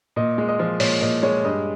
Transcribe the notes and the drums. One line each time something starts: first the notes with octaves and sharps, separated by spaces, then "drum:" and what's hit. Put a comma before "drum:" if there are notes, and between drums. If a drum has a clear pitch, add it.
A#2 D#5
G#3
D#5
F3
A#2 C#5, drum: open hi-hat
A#2 D#5
G#3 C#5
G2 D#5